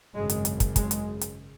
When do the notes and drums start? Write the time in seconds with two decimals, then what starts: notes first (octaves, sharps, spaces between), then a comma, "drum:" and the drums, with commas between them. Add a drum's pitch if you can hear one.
0.14 G#1 F#2 C#3 G#3
0.30 drum: hi-hat
0.45 drum: hi-hat
0.60 drum: kick, hi-hat
0.76 G#3, drum: kick, hi-hat
0.91 drum: hi-hat
1.21 drum: hi-hat